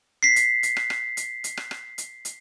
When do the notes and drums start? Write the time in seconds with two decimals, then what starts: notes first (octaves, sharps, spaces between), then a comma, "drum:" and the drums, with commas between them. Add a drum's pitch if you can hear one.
0.23 B6 C7
0.36 drum: hi-hat
0.63 drum: hi-hat
0.77 drum: rim click
0.90 drum: rim click
1.17 drum: hi-hat
1.44 drum: hi-hat
1.57 drum: rim click
1.71 drum: rim click
1.98 drum: hi-hat
2.25 drum: hi-hat